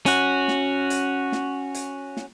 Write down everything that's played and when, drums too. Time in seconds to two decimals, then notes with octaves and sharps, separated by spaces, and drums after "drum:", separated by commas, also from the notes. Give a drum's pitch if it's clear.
0.06 C#4 F#4, drum: hi-hat
0.48 drum: snare
0.90 drum: hi-hat
1.32 drum: snare
1.75 drum: hi-hat
2.17 drum: snare